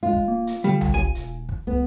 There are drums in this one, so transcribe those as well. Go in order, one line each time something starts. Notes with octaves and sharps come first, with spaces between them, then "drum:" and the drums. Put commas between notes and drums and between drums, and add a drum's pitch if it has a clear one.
G#3 F4
drum: kick
A#3
drum: hi-hat
D3 G3
drum: tom C2
G1 G#5
E1, drum: hi-hat
drum: kick
C#2 B3